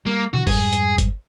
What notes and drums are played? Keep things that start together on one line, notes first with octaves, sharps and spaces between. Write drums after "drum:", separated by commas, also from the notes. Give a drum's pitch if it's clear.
G3 A#3
B2 D3 E3 F#4
F2 G#2 G3 G#4, drum: kick G1, open hi-hat
drum: hi-hat
drum: kick G1, hi-hat